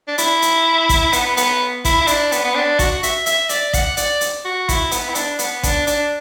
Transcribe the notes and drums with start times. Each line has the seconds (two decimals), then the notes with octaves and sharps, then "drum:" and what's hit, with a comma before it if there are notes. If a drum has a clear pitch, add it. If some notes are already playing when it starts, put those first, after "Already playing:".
0.08 D4
0.18 E4, drum: hi-hat
0.42 drum: hi-hat
0.89 drum: kick A1, hi-hat
1.13 B3, drum: hi-hat
1.37 B3, drum: hi-hat
1.85 E4, drum: kick A1, hi-hat
2.01 E4
2.07 D4, drum: hi-hat
2.32 B3, drum: hi-hat
2.44 B3
2.55 D4
2.79 F#4, drum: kick A1, hi-hat
3.03 E5, drum: hi-hat
3.26 E5, drum: hi-hat
3.49 D5, drum: hi-hat
3.73 F#5, drum: kick A1, hi-hat
3.97 D5, drum: hi-hat
4.21 drum: hi-hat
4.45 F#4
4.69 E4, drum: kick A1, hi-hat
4.91 B3, drum: hi-hat
5.09 E4
5.15 D4, drum: hi-hat
5.39 B3, drum: hi-hat
5.63 D4, drum: kick A1, hi-hat
5.87 D4, drum: hi-hat